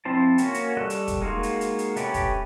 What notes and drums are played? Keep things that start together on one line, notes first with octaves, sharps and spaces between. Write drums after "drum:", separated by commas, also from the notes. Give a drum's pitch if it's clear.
F3 C4 E4 C5 A5
A#3 C#4 F#4, drum: hi-hat
drum: hi-hat
G3 A4 D#5 C#6 F#6
drum: hi-hat
drum: kick, hi-hat
G#3 A#3 D#4 F4 F#4
drum: hi-hat
drum: hi-hat
drum: hi-hat
A3 C#4 G4 B4, drum: hi-hat
drum: kick, hi-hat